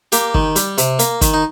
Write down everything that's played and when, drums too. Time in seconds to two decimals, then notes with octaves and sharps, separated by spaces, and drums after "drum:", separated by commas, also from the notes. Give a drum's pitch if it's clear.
0.12 A#3 G4, drum: hi-hat
0.34 D#3, drum: kick
0.56 G3, drum: hi-hat
0.78 C3, drum: hi-hat
0.99 A#3, drum: hi-hat
1.21 D#3, drum: kick, hi-hat
1.34 D#4